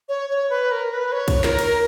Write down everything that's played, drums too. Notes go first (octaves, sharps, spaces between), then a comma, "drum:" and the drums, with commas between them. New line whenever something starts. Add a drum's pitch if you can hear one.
C#5
C#5
B4
A#4
B4
C#5
drum: kick, cymbal
A#4, drum: snare
drum: cymbal